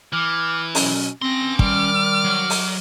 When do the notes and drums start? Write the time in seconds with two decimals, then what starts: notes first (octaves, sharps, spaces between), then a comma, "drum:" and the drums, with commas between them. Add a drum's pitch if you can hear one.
0.13 E3 D6 F6
0.75 B2 F#3 C#4, drum: open hi-hat
1.22 C4 C#4 C6 A#6
1.59 D#3 G3 D6 F6, drum: kick
2.25 F#3
2.50 drum: open hi-hat